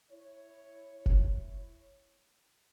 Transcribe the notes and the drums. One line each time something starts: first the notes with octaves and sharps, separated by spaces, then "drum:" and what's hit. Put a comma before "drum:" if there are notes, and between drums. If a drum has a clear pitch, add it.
E4 C#5
drum: kick F1